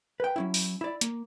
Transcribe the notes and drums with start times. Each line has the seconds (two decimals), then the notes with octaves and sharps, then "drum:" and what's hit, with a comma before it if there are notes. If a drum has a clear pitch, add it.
0.20 B4 G5
0.36 F#3 C#4 E4
0.54 drum: open hi-hat
0.81 E4 D5
1.01 A#3, drum: hi-hat